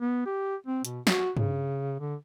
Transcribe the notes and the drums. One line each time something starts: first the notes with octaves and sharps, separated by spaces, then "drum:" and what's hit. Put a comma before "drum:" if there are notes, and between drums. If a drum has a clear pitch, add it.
B3
G4
C4
B2, drum: hi-hat
F#4, drum: snare
C#3, drum: tom G2
D3